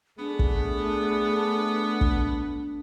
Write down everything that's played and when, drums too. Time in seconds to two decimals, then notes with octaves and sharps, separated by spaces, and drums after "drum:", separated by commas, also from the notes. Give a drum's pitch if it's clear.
0.19 A3 B3 D4 G#4
0.39 drum: kick
2.01 drum: kick